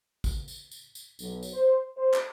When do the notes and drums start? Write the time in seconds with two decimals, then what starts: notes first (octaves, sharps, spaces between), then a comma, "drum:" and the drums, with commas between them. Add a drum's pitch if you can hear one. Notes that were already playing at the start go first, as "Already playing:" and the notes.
0.24 drum: kick, tambourine
0.48 drum: tambourine
0.71 drum: tambourine
0.95 drum: tambourine
1.19 B1, drum: tambourine
1.43 drum: tambourine
1.53 C5
1.97 C5
2.14 drum: clap